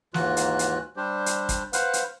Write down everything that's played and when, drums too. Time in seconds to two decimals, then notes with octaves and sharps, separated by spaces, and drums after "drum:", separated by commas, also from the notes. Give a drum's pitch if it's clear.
0.14 D#2 G#2 E3 F4 F#4 F#6, drum: snare
0.37 drum: hi-hat
0.59 drum: hi-hat
0.97 G3 D4 G4 C5
1.26 drum: hi-hat
1.49 drum: kick, hi-hat
1.73 B4 C5 F5 F#5, drum: hi-hat
1.93 drum: hi-hat